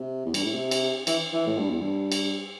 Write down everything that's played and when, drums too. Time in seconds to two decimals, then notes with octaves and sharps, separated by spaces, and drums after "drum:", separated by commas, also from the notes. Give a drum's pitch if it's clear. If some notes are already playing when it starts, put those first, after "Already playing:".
Already playing: C3
0.25 E2
0.34 G2, drum: cymbal
0.44 A2
0.54 C3
0.71 drum: cymbal
1.07 E3, drum: cymbal
1.33 E3
1.46 A2
1.58 G2
1.70 E2
1.82 G2
2.12 drum: cymbal